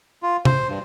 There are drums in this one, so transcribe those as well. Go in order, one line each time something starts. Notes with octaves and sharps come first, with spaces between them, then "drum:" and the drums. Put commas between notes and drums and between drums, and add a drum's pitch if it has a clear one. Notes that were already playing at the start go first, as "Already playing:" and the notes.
F4
C5, drum: tom C3
G2